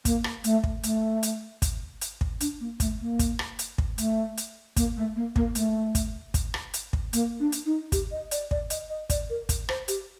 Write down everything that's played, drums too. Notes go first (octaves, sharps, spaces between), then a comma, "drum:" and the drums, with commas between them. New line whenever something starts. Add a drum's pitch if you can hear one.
A#3, drum: kick, hi-hat
drum: rim click
A3, drum: hi-hat
drum: kick
A3, drum: hi-hat
drum: hi-hat
drum: kick, hi-hat
drum: hi-hat
drum: kick
D4, drum: hi-hat
A#3
A3, drum: kick, hi-hat
A#3
drum: kick, hi-hat
drum: rim click
drum: hi-hat
drum: kick
A3, drum: hi-hat
drum: hi-hat
A#3, drum: kick, hi-hat
A3
A#3
A#3, drum: kick
A3, drum: hi-hat
drum: kick, hi-hat
drum: kick, hi-hat
drum: rim click
drum: hi-hat
drum: kick
A#3, drum: hi-hat
D4
drum: hi-hat
D#4
G4, drum: kick, hi-hat
D#5
D5, drum: hi-hat
D5, drum: kick
D#5, drum: hi-hat
D#5
D5, drum: kick, hi-hat
A#4
drum: kick, hi-hat
C5, drum: rim click
G4, drum: hi-hat